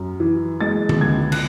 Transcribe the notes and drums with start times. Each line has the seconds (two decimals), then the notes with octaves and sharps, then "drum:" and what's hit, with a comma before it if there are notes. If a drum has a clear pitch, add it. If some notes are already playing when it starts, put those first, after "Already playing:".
Already playing: F#2
0.20 E3
0.61 G#3 A6
0.89 drum: tom D3
1.01 C#2 G#6
1.32 F#6, drum: cymbal